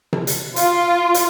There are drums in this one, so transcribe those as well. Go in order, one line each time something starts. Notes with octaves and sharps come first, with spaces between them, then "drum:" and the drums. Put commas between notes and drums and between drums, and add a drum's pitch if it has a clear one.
drum: tom C3
drum: hi-hat
F4, drum: hi-hat
drum: hi-hat